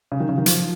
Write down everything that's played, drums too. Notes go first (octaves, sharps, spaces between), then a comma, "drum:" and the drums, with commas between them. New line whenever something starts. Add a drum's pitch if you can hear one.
C#3
D#3
C#3
D#3
F3, drum: hi-hat